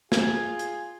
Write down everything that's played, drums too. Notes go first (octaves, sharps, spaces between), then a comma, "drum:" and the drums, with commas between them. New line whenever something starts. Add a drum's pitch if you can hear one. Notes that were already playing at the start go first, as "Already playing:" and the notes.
F4 G#4 G#6, drum: snare
drum: hi-hat